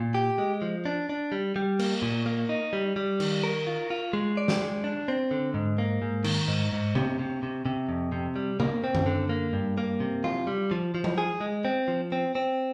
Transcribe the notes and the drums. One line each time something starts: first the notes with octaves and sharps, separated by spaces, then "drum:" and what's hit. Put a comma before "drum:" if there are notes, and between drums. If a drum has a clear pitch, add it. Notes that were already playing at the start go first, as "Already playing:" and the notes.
Already playing: A#2
G4
G#3
F3
D4
D4
G3
G3
A#3, drum: cymbal
A#2
A#3
D#4
G3
G3
D#3, drum: cymbal
A#4
F4
F4
G#3
D5
drum: snare
G#3
D4
C4
D3
G#2
A#3
G#2
D#3, drum: cymbal
G#2
G#2
C3, drum: tom C3
C3
C3
C3
F2
C3
G3
A#3, drum: tom C3
C4
drum: tom F#2
D3
A#3
G2
A#3
C3
F4, drum: tom F#3
G3
F3
F3
drum: tom F#3
G#4
G#3
C4
F3
C4
C4